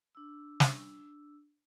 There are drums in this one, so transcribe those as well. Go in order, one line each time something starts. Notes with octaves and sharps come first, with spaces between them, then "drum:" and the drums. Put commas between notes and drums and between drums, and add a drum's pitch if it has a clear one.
D4 E6
drum: snare